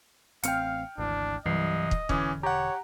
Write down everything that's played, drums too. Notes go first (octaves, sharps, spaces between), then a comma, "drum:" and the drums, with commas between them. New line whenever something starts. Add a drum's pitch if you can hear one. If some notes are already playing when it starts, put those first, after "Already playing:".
A1 C4 F5 G5 F6 C#7, drum: hi-hat
G#1 D2 E3 D4
C2 G2 E3 F#3 G3 D#5 C7
drum: kick
E1 D3 E3 C#4 D6 D#6, drum: kick
G4 C#5 F#5 A#5